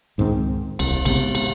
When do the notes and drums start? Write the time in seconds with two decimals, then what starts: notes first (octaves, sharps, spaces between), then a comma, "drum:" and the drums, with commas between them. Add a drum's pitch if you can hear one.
0.18 C#2 G#2 D#3 C4
0.79 D#1 C2, drum: cymbal
1.05 G#1 C3 B3, drum: cymbal
1.35 drum: cymbal